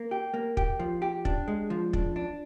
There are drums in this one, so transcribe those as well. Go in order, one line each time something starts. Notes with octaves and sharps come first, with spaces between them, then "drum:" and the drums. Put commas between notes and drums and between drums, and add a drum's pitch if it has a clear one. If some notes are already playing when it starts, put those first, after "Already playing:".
Already playing: A#3
G4
A#3
G4, drum: kick
F3
G4
D4, drum: kick
G#3
F3
D4, drum: kick
D4